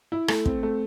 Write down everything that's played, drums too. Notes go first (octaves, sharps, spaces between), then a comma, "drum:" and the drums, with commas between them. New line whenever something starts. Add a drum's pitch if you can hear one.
E4
A3, drum: rim click
C4, drum: kick
A3